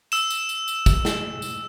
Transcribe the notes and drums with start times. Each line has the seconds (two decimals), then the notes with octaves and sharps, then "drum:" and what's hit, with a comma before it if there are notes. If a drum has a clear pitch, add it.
0.12 E6 E7, drum: tambourine
0.30 drum: tambourine
0.49 drum: tambourine
0.68 drum: tambourine
0.86 drum: kick, tambourine
1.05 drum: snare
1.42 drum: tambourine